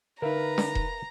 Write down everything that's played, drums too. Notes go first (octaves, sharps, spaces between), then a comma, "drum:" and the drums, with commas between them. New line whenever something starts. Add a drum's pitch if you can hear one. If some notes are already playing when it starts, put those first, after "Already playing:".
D3 D#4 A#4 B4 E5 F5 A#5
drum: snare
drum: kick E1